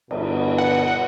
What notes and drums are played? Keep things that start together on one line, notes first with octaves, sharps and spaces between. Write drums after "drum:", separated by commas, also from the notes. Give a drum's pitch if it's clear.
G1 B2 B3, drum: cymbal
F#5